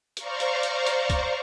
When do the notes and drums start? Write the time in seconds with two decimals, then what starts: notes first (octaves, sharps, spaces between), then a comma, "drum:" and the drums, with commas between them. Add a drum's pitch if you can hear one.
0.17 C5 D5 F5 A#5 C#6, drum: hi-hat
0.40 drum: hi-hat
0.63 drum: hi-hat
0.86 drum: hi-hat
1.10 drum: kick, hi-hat